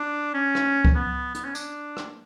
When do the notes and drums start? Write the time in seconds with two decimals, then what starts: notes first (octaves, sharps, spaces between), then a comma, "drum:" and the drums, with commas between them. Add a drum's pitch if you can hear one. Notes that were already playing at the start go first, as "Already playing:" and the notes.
Already playing: D4
0.34 C#4
0.55 drum: rim click
0.85 drum: kick C#2
0.95 B3
1.35 B3, drum: hi-hat
1.45 C#4
1.55 D4, drum: tambourine
1.97 drum: rim click